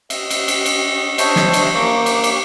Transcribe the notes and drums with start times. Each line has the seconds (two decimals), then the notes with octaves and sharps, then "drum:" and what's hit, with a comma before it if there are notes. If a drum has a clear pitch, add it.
0.10 D#5 E5, drum: cymbal
0.30 drum: cymbal
0.48 drum: cymbal
0.66 drum: cymbal
1.18 D4 C5 C#5 D#5 E5, drum: cymbal
1.36 drum: snare
1.53 drum: cymbal
1.75 A#3 C#6 D6
2.06 drum: cymbal
2.24 drum: cymbal